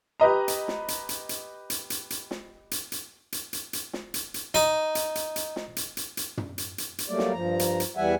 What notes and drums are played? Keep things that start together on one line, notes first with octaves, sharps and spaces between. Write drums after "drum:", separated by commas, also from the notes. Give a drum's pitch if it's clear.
G4 B4 D#5 A#5
drum: hi-hat
drum: snare
drum: hi-hat
drum: hi-hat
drum: hi-hat
drum: hi-hat
drum: hi-hat
drum: hi-hat
drum: snare
drum: hi-hat
drum: hi-hat
drum: hi-hat
drum: hi-hat
drum: hi-hat
drum: snare
drum: hi-hat
drum: hi-hat
D#4, drum: hi-hat
drum: hi-hat
drum: hi-hat
drum: hi-hat
drum: snare
drum: hi-hat
drum: hi-hat
drum: hi-hat
drum: tom
drum: hi-hat
drum: hi-hat
drum: hi-hat
F#3 G3 A3 A#3 D5
drum: snare
G2 F3 A#5
drum: hi-hat
drum: hi-hat
E2 E3 G3 E5 F#5 G#5